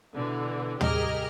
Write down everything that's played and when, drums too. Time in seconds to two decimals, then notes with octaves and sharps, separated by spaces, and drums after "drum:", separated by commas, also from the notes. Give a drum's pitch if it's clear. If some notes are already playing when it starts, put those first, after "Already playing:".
0.14 B2 D3 E3
0.81 C2 G4 G#4 A#4 D#5 F6, drum: tom